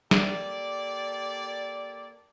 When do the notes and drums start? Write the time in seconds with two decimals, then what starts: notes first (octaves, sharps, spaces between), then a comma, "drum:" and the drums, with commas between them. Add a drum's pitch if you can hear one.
0.11 A#3 G4 A4 D5, drum: snare